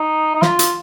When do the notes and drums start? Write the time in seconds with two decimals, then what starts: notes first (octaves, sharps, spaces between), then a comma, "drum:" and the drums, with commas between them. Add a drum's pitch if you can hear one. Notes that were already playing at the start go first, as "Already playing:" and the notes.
Already playing: D#4
0.35 D#4
0.42 F4, drum: snare
0.59 drum: hi-hat